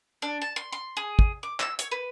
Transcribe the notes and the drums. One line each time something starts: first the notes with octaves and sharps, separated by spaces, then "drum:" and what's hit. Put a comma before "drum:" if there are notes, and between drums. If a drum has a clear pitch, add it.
D4
A5
C6
C6
G#4
drum: kick
D6
E6, drum: clap
C#5, drum: hi-hat
B4